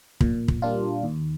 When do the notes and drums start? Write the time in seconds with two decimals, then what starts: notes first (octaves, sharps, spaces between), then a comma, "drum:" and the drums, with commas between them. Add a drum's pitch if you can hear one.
0.21 A#2, drum: kick
0.48 drum: kick
0.62 G3 A#3 D4 F4
1.04 D#2